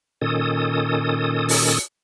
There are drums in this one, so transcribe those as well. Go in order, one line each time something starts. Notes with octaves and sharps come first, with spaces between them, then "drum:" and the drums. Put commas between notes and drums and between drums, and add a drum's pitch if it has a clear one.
A#2 D#3 C#4 A4 D#6
drum: open hi-hat